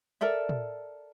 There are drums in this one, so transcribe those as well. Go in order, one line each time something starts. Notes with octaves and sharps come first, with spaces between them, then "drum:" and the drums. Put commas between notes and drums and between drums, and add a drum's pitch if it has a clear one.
A4 A#4 D5 E5
drum: tom